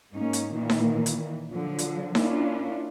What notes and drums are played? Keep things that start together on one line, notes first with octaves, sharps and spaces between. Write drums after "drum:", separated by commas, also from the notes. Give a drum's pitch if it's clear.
G#2 A#3 C#4 D#4
drum: hi-hat
A#2 D#3 E3 A#3
drum: snare D#4
drum: hi-hat
D3 F3 F#3
drum: hi-hat
A#3 C#4 D4 E4 F4, drum: snare D#4